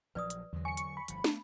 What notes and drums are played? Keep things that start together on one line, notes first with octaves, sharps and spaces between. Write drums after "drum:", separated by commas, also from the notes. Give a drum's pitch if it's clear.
A#1 F3 F#3 B4 D5 D#6
drum: hi-hat
E2 D3 F#3
G#5 C#6 C#7
drum: hi-hat
B5
G1 F3, drum: hi-hat
A3 B3, drum: snare